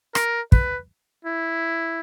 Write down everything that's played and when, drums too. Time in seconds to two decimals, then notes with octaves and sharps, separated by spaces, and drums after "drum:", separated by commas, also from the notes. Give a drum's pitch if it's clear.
0.15 A#4, drum: rim click
0.52 B4, drum: kick
1.25 E4